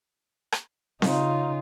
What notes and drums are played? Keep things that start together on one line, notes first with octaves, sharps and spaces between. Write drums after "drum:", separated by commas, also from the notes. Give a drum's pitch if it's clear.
drum: rim click
C#3 D#4 F4, drum: snare C4